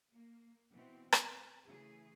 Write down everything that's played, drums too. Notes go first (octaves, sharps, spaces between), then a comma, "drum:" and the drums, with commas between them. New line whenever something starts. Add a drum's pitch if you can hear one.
A#3
B2 E3 C4
C4 B4, drum: rim click
C#3 E3 A3 G#4